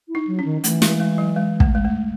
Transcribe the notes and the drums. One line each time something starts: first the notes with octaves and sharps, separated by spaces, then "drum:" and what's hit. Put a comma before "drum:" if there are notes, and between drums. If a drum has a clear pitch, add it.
E4
D#4
F#3
C#4
D#3
E3 A3, drum: hi-hat
G#3, drum: snare
G#3
F#3
G#3
A3, drum: kick
G#3
A3